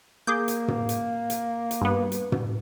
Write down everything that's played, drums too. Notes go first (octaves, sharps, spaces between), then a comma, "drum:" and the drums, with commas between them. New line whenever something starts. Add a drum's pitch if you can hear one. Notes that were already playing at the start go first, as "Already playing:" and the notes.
A#3 G#4 D6 G6
drum: hi-hat
drum: tom
drum: hi-hat
drum: hi-hat
drum: hi-hat
G2 B3
drum: hi-hat
drum: tom